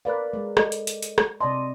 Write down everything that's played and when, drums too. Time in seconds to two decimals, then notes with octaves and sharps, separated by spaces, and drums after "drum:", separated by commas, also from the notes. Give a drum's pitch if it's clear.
0.05 A#4 B4 D5 F5 F#6
0.33 G#3
0.57 A4 D#5, drum: rim click
0.72 drum: hi-hat
0.87 drum: hi-hat
1.03 drum: hi-hat
1.18 drum: rim click
1.41 C3 D5 D#5 A5 C6